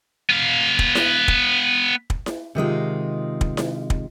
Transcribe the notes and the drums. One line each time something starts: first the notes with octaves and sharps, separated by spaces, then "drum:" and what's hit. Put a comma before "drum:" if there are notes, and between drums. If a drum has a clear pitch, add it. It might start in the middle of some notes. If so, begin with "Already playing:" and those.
B3 F5
drum: kick
drum: snare E4
drum: kick
drum: kick
drum: snare E4
C3 D#3 G#3 F4
drum: kick
drum: snare E4
drum: kick